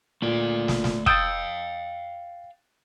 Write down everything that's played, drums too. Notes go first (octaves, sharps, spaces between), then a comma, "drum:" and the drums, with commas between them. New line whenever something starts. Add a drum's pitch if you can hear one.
A#2 A3 D5
drum: snare
drum: snare
F5 G5 D#6 E6 G6 A6 D7, drum: kick